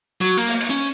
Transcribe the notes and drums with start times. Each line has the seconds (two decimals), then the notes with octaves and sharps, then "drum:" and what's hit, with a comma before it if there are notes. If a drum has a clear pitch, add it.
0.21 F#3
0.37 A#3
0.48 drum: open hi-hat
0.70 C#4